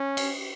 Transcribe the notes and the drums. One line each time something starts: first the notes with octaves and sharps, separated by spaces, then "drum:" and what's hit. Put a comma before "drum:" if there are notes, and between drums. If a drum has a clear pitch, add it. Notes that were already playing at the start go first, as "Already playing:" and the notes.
Already playing: C#4
drum: cymbal